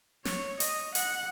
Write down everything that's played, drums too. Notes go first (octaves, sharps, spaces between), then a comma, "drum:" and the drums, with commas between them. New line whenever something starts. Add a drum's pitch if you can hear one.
C#5, drum: snare
D#5, drum: hi-hat
F#5, drum: hi-hat